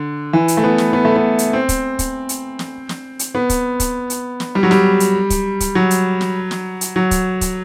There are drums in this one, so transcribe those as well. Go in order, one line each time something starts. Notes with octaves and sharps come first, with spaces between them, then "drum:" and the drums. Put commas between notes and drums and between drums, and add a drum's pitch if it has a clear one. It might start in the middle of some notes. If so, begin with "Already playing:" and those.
Already playing: D3
E3
drum: hi-hat
A3
B3
drum: snare
B3
A3
B3
drum: hi-hat
C4
drum: kick, hi-hat
drum: kick, hi-hat
drum: hi-hat
drum: snare
drum: snare
drum: hi-hat
B3
drum: kick, hi-hat
drum: kick, hi-hat
drum: hi-hat
drum: snare
G3
F#3
G3, drum: snare
drum: hi-hat
drum: kick, hi-hat
drum: kick, hi-hat
F#3
drum: hi-hat
drum: snare
drum: snare
drum: hi-hat
F#3
drum: kick, hi-hat
drum: kick, hi-hat